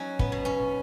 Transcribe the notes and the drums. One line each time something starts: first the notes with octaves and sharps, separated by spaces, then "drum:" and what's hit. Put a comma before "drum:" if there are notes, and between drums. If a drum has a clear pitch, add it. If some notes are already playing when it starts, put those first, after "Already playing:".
Already playing: F#3 C#4 D#4
B3, drum: kick
B2
C#4